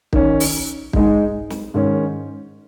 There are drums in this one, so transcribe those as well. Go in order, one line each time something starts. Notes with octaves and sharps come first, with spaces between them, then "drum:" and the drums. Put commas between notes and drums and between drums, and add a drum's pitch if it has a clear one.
D#3 C#4, drum: kick
drum: open hi-hat
G#2 G#3 D#4, drum: kick
drum: snare
G#2 D#3 C#4